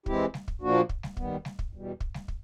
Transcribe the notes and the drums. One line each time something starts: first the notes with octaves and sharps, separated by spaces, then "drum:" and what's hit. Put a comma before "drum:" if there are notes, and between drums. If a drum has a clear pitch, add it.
E3 G#3 C4 E4 G4, drum: kick
drum: snare
drum: kick
A#2 F3 A#3 D4 F#4
drum: kick
drum: snare
D#2 D#3 G3 B3, drum: kick
drum: snare
drum: kick
E2 B2 G3
drum: kick
drum: snare
drum: kick